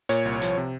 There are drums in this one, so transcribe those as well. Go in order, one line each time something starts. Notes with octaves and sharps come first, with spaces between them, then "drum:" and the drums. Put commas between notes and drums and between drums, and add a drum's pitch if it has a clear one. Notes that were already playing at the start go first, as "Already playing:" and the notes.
A#2 C#5, drum: hi-hat
C2
F3, drum: hi-hat
C3